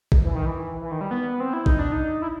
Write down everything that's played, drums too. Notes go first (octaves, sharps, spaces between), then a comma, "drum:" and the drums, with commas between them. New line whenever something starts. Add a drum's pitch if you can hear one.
drum: kick A1
E3
D#3
E3
E3
D#3
G3
B3
C4
E4
D#4, drum: kick A1
D4
D#4
E4